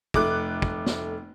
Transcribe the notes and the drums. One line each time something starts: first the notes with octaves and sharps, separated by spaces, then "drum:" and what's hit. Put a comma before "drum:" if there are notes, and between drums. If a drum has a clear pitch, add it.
F1 A3 D6 F#6, drum: kick
drum: kick
drum: snare